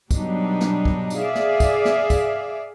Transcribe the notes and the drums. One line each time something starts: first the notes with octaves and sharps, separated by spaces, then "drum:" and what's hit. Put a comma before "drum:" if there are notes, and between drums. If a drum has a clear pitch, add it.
B2 F#3 G3 D4 D#4, drum: kick, tambourine
drum: snare
drum: kick
drum: tambourine
G#4 D5 E5 F5
drum: snare
drum: kick, tambourine
drum: snare
drum: kick, tambourine